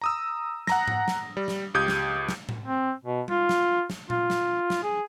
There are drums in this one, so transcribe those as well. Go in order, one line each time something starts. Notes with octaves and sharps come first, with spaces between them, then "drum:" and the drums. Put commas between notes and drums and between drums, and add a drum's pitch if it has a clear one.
A#5 D#6 E6
F#5 A#5 A#6, drum: snare
drum: tom G#2
drum: snare
G3
drum: snare
C#2 G4 D#6 G6 G#6
drum: snare
drum: snare
drum: tom A2
C4
B2
F4, drum: tom G3
drum: snare
drum: snare
F4, drum: tom A#2
drum: snare
drum: snare
G#4